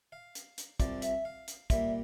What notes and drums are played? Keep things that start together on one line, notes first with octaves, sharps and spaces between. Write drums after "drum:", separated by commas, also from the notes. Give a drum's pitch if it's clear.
F5
drum: hi-hat
drum: hi-hat
C2 C3 F3 D5, drum: kick, hi-hat
E5, drum: hi-hat
F5
drum: hi-hat
A#2 G3 A#3 E5, drum: kick, hi-hat